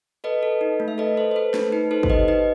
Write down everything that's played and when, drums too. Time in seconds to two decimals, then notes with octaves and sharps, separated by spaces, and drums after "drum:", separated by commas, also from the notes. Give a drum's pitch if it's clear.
0.24 A4 B4 D#5
0.43 A4
0.61 D#4
0.80 A3
0.88 E5
0.98 A4 B4 D#5
1.17 A4 C5
1.31 C5
1.36 A4 B4
1.54 A3, drum: snare
1.72 D#4 B4
1.91 D#4 A4 C5
2.03 C5, drum: kick
2.10 G4 B4 D#5
2.28 D#4 B4 D#5